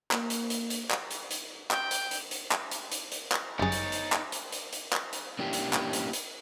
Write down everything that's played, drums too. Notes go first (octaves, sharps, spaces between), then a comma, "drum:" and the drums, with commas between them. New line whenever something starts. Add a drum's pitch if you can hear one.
A#3, drum: clap
drum: hi-hat
drum: hi-hat
drum: hi-hat
drum: clap
drum: hi-hat
drum: hi-hat
G5, drum: clap
drum: hi-hat
drum: hi-hat
drum: hi-hat
drum: clap
drum: hi-hat
drum: hi-hat
drum: hi-hat
drum: clap
G1 F#2 G3 D#4 G#4 C#5 A6
drum: hi-hat
drum: hi-hat
drum: clap
drum: hi-hat
drum: hi-hat
drum: hi-hat
drum: clap
drum: hi-hat
A#3 C#4 D4 E4 G4
drum: hi-hat
drum: clap
drum: hi-hat
drum: hi-hat